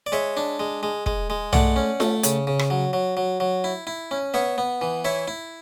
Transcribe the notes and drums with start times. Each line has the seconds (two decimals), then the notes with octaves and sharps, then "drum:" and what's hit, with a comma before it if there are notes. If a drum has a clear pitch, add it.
0.06 D5
0.12 G#3 C#5 E5
0.37 D4
0.59 G#3
0.83 G#3
1.06 G#3, drum: kick
1.30 G#3
1.53 A3 D5 F#5, drum: tom B1
1.76 C#4
2.00 A3, drum: snare F4
2.23 C#3, drum: hi-hat
2.47 C#3
2.59 drum: rim click
2.70 F#3
2.93 F#3
3.17 F#3
3.40 F#3
3.64 E4
3.87 E4
4.11 C#4
4.34 B3 C#5 E5
4.58 B3
4.81 E3
5.05 E4 C#5 E5
5.28 E4